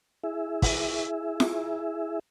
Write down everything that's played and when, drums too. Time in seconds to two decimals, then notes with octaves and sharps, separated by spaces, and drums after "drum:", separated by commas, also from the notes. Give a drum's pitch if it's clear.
0.24 E4 G#4 E5
0.62 drum: kick, open hi-hat
1.40 drum: snare F4